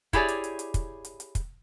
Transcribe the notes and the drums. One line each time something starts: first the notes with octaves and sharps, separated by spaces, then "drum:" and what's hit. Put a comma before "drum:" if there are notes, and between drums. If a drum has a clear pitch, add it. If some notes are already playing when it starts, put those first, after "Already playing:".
E4 G4 G#4 C#5 D5, drum: kick, hi-hat
drum: hi-hat
drum: hi-hat
drum: hi-hat
drum: kick, hi-hat
drum: hi-hat
drum: hi-hat
drum: kick, hi-hat